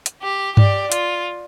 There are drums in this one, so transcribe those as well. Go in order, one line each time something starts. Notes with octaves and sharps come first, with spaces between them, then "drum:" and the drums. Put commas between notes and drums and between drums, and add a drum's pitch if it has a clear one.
drum: hi-hat
G4
G4 D5, drum: tom G2
F4, drum: hi-hat